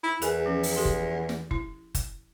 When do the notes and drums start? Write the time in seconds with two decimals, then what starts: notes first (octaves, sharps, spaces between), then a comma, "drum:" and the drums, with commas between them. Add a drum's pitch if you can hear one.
0.03 E4
0.22 E2 G#4 A#4 G#5, drum: hi-hat
0.46 F3 C#4
0.63 drum: open hi-hat
0.76 G4 A4 C6
0.85 drum: kick F#1
1.29 drum: snare
1.51 E4, drum: kick F#1
1.95 drum: kick F#1, hi-hat